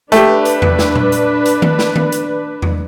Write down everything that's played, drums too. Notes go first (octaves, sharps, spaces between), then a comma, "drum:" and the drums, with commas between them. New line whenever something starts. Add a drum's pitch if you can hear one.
A3 D4 G4 B4, drum: hi-hat
drum: hi-hat
drum: tom E2
drum: snare
drum: tom A#2
drum: hi-hat
drum: hi-hat
drum: tom D#3
drum: snare
drum: tom D#3
drum: hi-hat
drum: tom E2